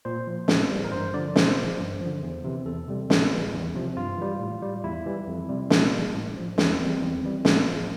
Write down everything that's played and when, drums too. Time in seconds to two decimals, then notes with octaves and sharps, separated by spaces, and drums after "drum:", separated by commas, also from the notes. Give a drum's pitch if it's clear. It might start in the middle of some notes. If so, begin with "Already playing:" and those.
0.05 A#2 C5
0.27 F3
0.48 A2, drum: snare
0.70 E3 G3
0.84 A#4
0.92 G2 C5
1.14 D3 F3 D5
1.36 A#2 C5, drum: snare
1.58 F3
1.79 G2
2.01 D3 F3
2.23 E2
2.44 C3 E3
2.66 E2 A4
2.88 C3 G3
3.10 A2, drum: snare
3.31 E3 G3
3.54 E2
3.75 C3 F3
3.97 G2 F4
4.18 E3 G3
4.40 A2
4.62 G3
4.84 E2 E4
5.06 E3 G3
5.27 F2
5.49 C3 G3
5.70 A#2 D4, drum: snare
5.93 G3
6.15 A2
6.36 F3
6.58 E2 C4, drum: snare
6.80 E3 G3
7.02 E2
7.23 E3 G3
7.45 A2 A#3, drum: snare
7.66 F3